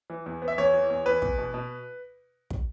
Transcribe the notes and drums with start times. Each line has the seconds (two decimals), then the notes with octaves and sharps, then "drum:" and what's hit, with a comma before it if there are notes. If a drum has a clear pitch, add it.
0.10 E3
0.26 E2
0.42 B3
0.48 E5
0.58 E2 C#5
0.74 E3
0.90 E2
1.06 E2 B4
1.22 E2, drum: kick
1.38 B2
1.54 B2
2.50 drum: kick